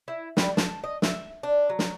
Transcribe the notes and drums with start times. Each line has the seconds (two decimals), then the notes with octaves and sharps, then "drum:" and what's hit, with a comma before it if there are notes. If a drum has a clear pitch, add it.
0.08 E4
0.37 G3, drum: snare
0.57 A5, drum: snare
0.84 D#5
1.02 E5, drum: snare
1.43 D4
1.70 F#3
1.79 drum: snare